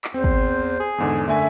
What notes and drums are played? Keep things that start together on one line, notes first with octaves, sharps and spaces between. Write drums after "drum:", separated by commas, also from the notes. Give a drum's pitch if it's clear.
drum: clap
E2 C4 C5
drum: kick
G#4
E2 G#2 D3
F#2 D3 A3 E5 G#5